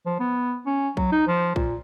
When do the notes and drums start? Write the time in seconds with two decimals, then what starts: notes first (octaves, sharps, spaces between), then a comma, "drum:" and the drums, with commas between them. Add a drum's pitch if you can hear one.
0.06 F3
0.20 B3
0.66 C#4
0.97 F#3, drum: kick B1
1.12 D#4
1.27 F3
1.56 A#2, drum: kick B1